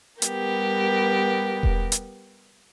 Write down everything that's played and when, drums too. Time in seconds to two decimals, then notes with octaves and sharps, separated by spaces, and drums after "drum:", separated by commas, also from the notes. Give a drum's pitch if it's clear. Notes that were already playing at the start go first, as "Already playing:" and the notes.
0.22 G3 B3 G4 A#4, drum: hi-hat
1.63 drum: kick E1
1.92 drum: hi-hat